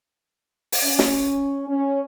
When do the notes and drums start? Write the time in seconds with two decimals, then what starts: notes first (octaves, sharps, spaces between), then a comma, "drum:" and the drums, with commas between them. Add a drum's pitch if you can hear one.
0.72 drum: open hi-hat
0.84 C#4
0.99 drum: snare
1.69 C#4